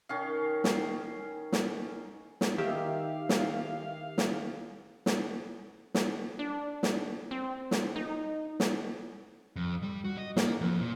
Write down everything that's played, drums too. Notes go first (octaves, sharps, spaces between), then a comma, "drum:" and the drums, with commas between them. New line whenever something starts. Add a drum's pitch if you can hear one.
D#3 C#4 F5
drum: snare
drum: snare
drum: snare
D#3 G4 E5 F5
drum: snare
drum: snare
drum: snare
drum: snare
D4
drum: snare
C4
drum: snare
D#4
drum: snare
F2
G3
F#4
D#5
A#3, drum: snare
F2
A#2